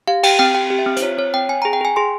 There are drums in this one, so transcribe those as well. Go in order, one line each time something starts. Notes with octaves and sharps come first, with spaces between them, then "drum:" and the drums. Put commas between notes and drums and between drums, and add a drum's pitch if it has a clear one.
G4 F5
G4 G5, drum: cymbal
C4 G5
G4 G5
G4
E5
C4
C5, drum: hi-hat
F4 C#5
C4 C#5
C4 G5
C4 G#5
A#5
G#4
G5
G#4 G#5
G#4 C6